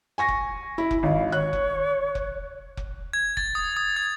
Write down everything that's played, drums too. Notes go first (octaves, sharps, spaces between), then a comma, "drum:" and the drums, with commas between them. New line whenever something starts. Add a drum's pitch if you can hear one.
G#5 C#6 A#6
drum: kick F1
E4 B5
drum: kick F1
G#1 F5
C#5 F#6
drum: kick F1
drum: kick F1
drum: kick F1
G#6
A6, drum: kick F1
D#6
D#6
G#6